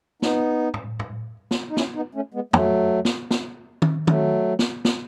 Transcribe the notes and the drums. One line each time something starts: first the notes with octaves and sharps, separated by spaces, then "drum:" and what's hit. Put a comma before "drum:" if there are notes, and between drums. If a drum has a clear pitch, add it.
B3 D#4, drum: snare
drum: tom
drum: tom
drum: snare
D#4
C#4 E4, drum: snare
B3 D#4
A3 C#4
G#3 B3
F#3 A3, drum: tom
drum: snare
drum: snare
drum: tom D#3
F#3 A3, drum: tom D#3
drum: snare
drum: snare